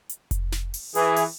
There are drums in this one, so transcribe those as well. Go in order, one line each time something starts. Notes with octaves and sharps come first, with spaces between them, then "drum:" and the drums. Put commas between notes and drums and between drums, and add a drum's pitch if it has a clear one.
drum: hi-hat
drum: kick F1, hi-hat
drum: snare
drum: open hi-hat
E3 G#4, drum: hi-hat
drum: open hi-hat